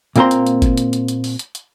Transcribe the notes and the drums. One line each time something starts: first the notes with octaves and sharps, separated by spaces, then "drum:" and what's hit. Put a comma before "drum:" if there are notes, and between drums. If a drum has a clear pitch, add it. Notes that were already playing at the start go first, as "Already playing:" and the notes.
A#2 A#3 C4 A#5 C6, drum: hi-hat
drum: hi-hat
drum: hi-hat
drum: kick G1, hi-hat
drum: hi-hat
drum: hi-hat
drum: hi-hat
drum: open hi-hat
drum: hi-hat
drum: hi-hat